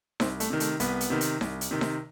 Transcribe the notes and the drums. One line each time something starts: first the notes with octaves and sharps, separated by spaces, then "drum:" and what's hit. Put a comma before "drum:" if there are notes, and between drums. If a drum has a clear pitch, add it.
C2 C4, drum: snare D#4
A3, drum: hi-hat
C3 D#3
A3, drum: hi-hat
C2 B3, drum: hi-hat
drum: hi-hat
C3 D#3
drum: hi-hat
C2, drum: snare D#4
drum: hi-hat
C3 D#3
drum: snare D#4